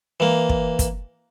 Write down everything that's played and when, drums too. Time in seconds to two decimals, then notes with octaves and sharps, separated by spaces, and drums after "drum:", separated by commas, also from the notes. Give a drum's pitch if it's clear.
0.20 E3 A#3
0.49 drum: kick
0.79 drum: kick, hi-hat